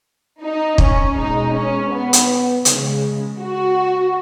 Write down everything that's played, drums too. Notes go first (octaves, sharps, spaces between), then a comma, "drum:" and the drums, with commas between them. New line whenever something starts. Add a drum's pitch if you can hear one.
D#4
C#4, drum: kick
B2 G#3 D#4
C#4
B3
drum: hi-hat
C#3 G#3, drum: hi-hat
F#4